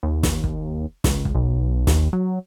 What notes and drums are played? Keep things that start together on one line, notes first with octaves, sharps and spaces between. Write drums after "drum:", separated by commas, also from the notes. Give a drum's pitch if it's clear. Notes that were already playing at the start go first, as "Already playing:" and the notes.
D#2
drum: snare
drum: kick
C#2, drum: snare
drum: kick
B1
D#2, drum: snare
F#3